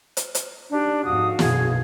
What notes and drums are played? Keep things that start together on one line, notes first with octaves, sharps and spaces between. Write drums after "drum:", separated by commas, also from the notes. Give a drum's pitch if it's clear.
drum: hi-hat
drum: hi-hat
D4 D#4 G4
F2 G#2 F#4 F5 D#6
B1 F#2 B2 G#4, drum: snare